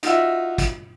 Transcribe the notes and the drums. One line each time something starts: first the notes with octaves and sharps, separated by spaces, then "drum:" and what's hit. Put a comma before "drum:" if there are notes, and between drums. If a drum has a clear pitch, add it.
D#4 F4 F#4 E5, drum: hi-hat
drum: kick, hi-hat